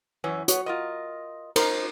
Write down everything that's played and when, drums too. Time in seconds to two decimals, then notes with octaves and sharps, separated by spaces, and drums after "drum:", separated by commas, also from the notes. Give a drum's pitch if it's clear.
0.24 F#2 E3 C#4
0.48 B3 F#4 C#5, drum: hi-hat
0.66 F4 A#4 D#5
1.56 A#4 C5 D#5 C6, drum: cymbal